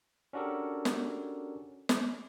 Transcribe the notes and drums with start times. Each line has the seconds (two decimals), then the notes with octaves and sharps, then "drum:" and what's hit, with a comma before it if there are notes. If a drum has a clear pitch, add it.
0.33 C#4 D4 F#4 G4 A4 A#4
0.85 drum: snare
1.89 drum: snare